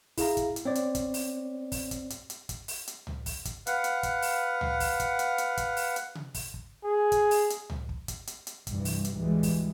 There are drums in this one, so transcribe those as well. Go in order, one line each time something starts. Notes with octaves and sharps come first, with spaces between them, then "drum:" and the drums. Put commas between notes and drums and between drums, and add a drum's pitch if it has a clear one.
E4 G#4 F5 A#5, drum: kick, open hi-hat
drum: kick, hi-hat
drum: hi-hat
C4 C#5 D5
drum: hi-hat
drum: kick, hi-hat
drum: open hi-hat
drum: kick, open hi-hat
drum: kick, hi-hat
drum: hi-hat
drum: hi-hat
drum: kick, hi-hat
drum: open hi-hat
drum: hi-hat
drum: tom C#2
drum: kick, open hi-hat
drum: kick, hi-hat
B4 F5 F#5, drum: hi-hat
drum: hi-hat
drum: kick, hi-hat
drum: open hi-hat
drum: tom C#2
drum: kick, open hi-hat
drum: kick, hi-hat
drum: hi-hat
drum: hi-hat
drum: kick, hi-hat
drum: open hi-hat
drum: hi-hat
drum: tom C3
drum: kick, open hi-hat
drum: kick
G#4
drum: kick, hi-hat
drum: open hi-hat
drum: hi-hat
drum: tom C#2
drum: kick
drum: kick, hi-hat
drum: hi-hat
drum: hi-hat
C2 G2 E3, drum: kick, hi-hat
drum: open hi-hat
drum: hi-hat
D2 G#2 E3 G3 G#3
drum: kick, open hi-hat